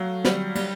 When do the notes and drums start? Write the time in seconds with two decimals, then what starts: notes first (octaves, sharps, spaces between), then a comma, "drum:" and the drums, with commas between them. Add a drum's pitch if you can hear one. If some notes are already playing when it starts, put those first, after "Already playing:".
Already playing: F#3 A3 F5
0.25 G3, drum: snare
0.55 G3, drum: cymbal